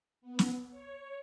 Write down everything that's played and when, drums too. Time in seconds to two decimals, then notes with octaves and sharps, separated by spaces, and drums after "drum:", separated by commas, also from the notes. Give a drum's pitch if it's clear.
0.22 B3
0.39 drum: snare
0.71 C#5